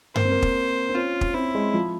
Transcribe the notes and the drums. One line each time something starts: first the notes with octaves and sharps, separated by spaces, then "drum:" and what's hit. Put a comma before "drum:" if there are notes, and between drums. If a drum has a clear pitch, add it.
A#3 C5, drum: tom G2
C4
A#3
drum: kick
C4
C#4 F4
drum: kick
C4 E4
G#3
F3